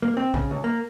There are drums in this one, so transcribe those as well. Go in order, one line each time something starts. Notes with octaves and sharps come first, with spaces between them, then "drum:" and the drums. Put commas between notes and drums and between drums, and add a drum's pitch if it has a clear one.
A#3
C4
C#3, drum: kick B1
C#2
A#3